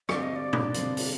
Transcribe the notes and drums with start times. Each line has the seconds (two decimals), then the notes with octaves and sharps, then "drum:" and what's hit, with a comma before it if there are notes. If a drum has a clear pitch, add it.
0.09 D3 G3 C4 F4 D5, drum: rim click
0.23 D#5
0.36 D5
0.53 drum: tom A#2
0.74 D3 G3 C4 F4, drum: hi-hat
0.97 drum: open hi-hat